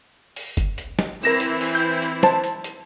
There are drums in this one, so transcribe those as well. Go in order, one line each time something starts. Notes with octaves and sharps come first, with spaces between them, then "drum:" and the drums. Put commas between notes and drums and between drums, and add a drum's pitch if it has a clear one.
drum: open hi-hat
drum: kick F#1, hi-hat
drum: hi-hat
drum: snare
E3 C4 E4 A#4 A#6 E7
drum: hi-hat
drum: open hi-hat
G6
drum: hi-hat
C5 A5, drum: snare
drum: hi-hat
drum: hi-hat